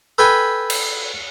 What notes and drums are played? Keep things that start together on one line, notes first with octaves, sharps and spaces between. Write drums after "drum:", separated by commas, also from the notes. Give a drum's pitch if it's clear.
A4 B4 G5 G#5 B5
drum: cymbal